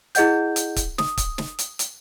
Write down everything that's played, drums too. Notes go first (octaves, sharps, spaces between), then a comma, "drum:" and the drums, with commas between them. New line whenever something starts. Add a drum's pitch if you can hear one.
E4 G#4 D#5 F#5 G6, drum: hi-hat
drum: hi-hat
drum: kick, hi-hat
D#6, drum: snare
drum: kick, hi-hat
drum: snare
drum: hi-hat
drum: hi-hat